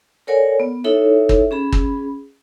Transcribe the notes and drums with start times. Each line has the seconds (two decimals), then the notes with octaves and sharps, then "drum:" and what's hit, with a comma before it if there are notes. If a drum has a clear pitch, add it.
0.27 A4 A#4 C#5 D5 F#5 G#5
0.60 B3
0.84 D#4 E4 A4 C#5 E5
1.29 drum: kick
1.51 C#4 G#4 B5
1.72 drum: kick